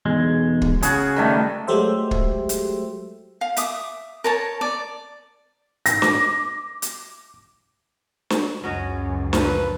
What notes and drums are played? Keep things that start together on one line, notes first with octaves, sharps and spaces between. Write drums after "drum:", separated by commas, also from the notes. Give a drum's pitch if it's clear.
B1 E2 G#3
drum: kick
C#3 F#4 G#4, drum: hi-hat
D#3 G3 A3
F#3 G#3 A3 G4 C5 E5
drum: kick
drum: hi-hat
F5
E5 D6 D#6, drum: hi-hat
A#4 C#5 A5
D5
A#6, drum: hi-hat
D6, drum: snare
drum: hi-hat
drum: snare
C#2 F#2 F#3 C#4 D#5
A#2 F3 A#4 B4, drum: snare